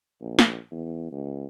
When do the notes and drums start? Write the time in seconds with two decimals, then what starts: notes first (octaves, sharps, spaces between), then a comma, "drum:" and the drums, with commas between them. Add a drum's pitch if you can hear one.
0.21 A#1
0.39 drum: snare
0.72 E2
1.11 C#2